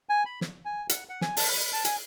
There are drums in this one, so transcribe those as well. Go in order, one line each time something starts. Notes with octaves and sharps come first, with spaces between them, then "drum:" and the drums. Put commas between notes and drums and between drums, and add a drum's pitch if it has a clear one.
G#5
B5
drum: snare
G#5
F#5, drum: hi-hat
F#5
G#5, drum: snare
A5, drum: open hi-hat
B5
B5
A5
G#5, drum: hi-hat